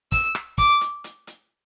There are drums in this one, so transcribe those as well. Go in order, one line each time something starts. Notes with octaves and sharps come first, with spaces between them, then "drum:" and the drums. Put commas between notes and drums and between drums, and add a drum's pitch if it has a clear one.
E6, drum: kick, hi-hat
drum: rim click
D6, drum: kick, hi-hat
drum: hi-hat
drum: hi-hat
drum: hi-hat